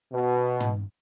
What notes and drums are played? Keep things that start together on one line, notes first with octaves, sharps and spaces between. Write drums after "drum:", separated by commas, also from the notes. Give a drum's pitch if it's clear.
B2
drum: tom